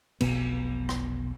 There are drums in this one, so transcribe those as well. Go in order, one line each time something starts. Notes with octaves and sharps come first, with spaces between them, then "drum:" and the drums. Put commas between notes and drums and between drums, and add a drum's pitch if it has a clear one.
F1 B1 B2 B3, drum: cymbal
drum: rim click